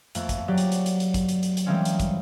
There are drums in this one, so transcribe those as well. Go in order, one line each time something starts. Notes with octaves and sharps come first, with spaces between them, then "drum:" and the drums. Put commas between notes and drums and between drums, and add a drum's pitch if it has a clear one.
F2 A3 A#3, drum: hi-hat
drum: kick, hi-hat
F#3 G4 D5 D6
drum: hi-hat
drum: hi-hat
drum: hi-hat
drum: hi-hat
drum: kick, hi-hat
drum: hi-hat
drum: hi-hat
drum: hi-hat
E3 G3 G#3 A#3 C4 C#4
drum: hi-hat
drum: kick, hi-hat